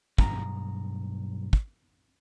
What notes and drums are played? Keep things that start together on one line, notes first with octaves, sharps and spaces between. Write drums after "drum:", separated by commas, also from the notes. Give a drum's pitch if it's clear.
B1 G2 A#5, drum: kick
drum: kick